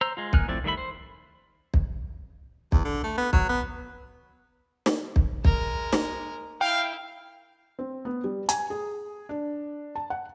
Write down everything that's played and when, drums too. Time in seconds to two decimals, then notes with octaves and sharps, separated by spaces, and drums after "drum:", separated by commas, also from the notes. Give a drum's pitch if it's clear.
0.01 C5 A#5 E6
0.17 G#3 F4
0.33 A#3 D#4 G#5 F6 F#6, drum: kick
0.48 F3 A3 C4 E4 D5
0.64 D#3 G3 A3 E5 B5
0.77 C5
1.74 drum: kick
2.72 E2, drum: kick
2.85 D3
3.04 A3
3.18 B3
3.33 F#3, drum: kick
3.49 B3
4.86 drum: snare
5.16 drum: kick
5.45 G#3 A#4, drum: kick
5.93 drum: snare
6.61 E4 F5 G5
7.79 C4
8.05 B3
8.24 G3
8.49 G#5, drum: hi-hat
8.70 G#4
9.29 D4
9.96 A5
10.10 F#5